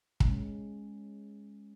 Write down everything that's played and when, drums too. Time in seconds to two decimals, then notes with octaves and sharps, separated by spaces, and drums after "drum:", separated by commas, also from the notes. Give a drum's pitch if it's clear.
0.20 G#3 C#4, drum: kick